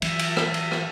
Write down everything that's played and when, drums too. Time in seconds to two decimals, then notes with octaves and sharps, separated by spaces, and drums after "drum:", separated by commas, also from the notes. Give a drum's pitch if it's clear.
0.02 E3 F#3 A3 E5, drum: cymbal
0.19 drum: cymbal
0.37 drum: rim click
0.54 drum: cymbal
0.71 drum: rim click